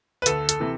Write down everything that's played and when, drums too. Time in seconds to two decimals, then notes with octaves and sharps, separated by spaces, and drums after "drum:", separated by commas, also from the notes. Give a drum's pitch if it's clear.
0.22 B4
0.26 D2 A4, drum: hi-hat
0.49 A4, drum: hi-hat
0.60 C3 E3